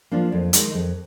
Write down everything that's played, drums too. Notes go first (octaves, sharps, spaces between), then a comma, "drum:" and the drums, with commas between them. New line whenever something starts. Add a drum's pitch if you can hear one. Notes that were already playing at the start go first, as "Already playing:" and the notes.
F3 A#3 D4
F2
D#3 G#3 D#4, drum: hi-hat
F2